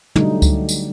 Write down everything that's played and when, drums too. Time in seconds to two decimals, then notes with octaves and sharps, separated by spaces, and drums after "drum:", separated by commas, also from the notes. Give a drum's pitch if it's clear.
0.16 D3 F#3 G3 A3 D#4, drum: tom
0.42 drum: kick C#2, tambourine
0.69 drum: tambourine